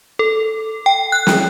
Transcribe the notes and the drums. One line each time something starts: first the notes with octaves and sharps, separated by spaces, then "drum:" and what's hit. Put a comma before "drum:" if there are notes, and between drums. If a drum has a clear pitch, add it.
A4
G5
F#6
drum: snare